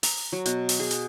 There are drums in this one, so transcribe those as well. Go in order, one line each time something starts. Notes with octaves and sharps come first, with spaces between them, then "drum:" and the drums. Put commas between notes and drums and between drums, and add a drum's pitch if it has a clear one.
A#5, drum: open hi-hat
F#3
B2, drum: hi-hat
drum: open hi-hat
G#4
drum: hi-hat